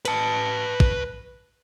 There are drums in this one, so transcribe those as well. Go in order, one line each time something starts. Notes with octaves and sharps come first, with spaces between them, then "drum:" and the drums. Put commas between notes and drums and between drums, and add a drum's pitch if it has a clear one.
B4 A5, drum: hi-hat
drum: kick